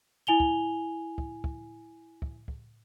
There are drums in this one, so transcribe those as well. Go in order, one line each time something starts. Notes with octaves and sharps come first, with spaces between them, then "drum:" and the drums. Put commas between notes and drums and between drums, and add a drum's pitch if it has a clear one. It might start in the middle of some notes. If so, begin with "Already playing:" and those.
E4 G#5 F7 G7
drum: kick
drum: kick
drum: kick
drum: kick
drum: kick